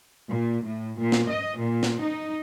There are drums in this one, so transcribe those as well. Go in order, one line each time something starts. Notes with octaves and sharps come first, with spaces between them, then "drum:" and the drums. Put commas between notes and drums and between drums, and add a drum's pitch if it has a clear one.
A#2
A2
A#2
drum: snare
D#5
A#2
drum: snare
D#4